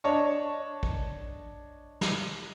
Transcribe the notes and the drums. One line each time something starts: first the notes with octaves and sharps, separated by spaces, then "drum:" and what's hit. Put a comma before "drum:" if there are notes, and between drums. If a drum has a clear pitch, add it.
D4 C#5 D#5 A5 C#6
drum: kick A#1
drum: snare